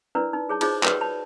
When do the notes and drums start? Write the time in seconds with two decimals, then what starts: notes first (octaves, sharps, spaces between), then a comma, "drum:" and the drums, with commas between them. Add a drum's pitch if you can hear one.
0.15 D4 E4 A#4 B4 D5
0.33 D#4
0.49 G#4 C#5 A5
0.61 D#4 F4 G#4 C5 C#5 D#5, drum: cymbal
0.83 F#4 A#4 B4 C#5 D5 G5, drum: clap
1.01 C#5 A5 B5